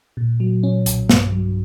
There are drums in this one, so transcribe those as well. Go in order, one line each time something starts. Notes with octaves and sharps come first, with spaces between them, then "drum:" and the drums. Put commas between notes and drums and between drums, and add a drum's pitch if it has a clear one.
A#2
F#3
C#4
B1, drum: hi-hat
G2, drum: snare
F#3